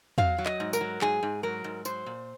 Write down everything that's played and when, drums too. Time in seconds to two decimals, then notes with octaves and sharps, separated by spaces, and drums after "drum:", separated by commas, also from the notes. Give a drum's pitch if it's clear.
0.18 F#3 F5, drum: tom E2
0.38 F#3
0.46 D#5, drum: clap
0.60 G#2
0.73 A#4, drum: tambourine
0.81 F#3
1.01 G#2 G#4, drum: clap
1.23 G#2
1.43 F#3 A#4
1.64 G#2
1.85 F#3 C5, drum: tambourine
2.06 A#2